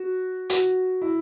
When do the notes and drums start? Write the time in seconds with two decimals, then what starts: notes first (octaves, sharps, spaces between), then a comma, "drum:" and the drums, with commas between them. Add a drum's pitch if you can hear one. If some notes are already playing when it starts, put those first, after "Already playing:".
Already playing: F#4
0.50 F#4, drum: hi-hat
1.02 E4